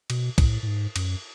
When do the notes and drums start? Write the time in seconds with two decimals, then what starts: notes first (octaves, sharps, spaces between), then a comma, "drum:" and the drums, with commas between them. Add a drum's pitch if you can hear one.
0.10 B2, drum: cymbal
0.38 A2, drum: kick, cymbal
0.63 A2
0.67 G#2
0.96 F#2, drum: cymbal